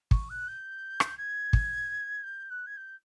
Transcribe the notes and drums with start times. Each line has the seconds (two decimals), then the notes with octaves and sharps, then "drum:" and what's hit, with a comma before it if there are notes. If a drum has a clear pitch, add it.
0.11 C#6, drum: kick
0.29 F#6
0.48 G6
1.00 drum: rim click
1.17 G#6
1.53 drum: kick
2.23 G6
2.50 F#6
2.66 G#6
2.77 G6